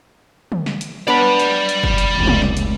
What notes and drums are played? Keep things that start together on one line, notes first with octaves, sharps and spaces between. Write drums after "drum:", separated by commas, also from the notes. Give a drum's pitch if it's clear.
drum: tom
drum: snare
drum: hi-hat
B3 D4 C#5 D5 B5
drum: hi-hat
drum: hi-hat
drum: kick
drum: hi-hat
F1 C#2
drum: tom
drum: snare
drum: hi-hat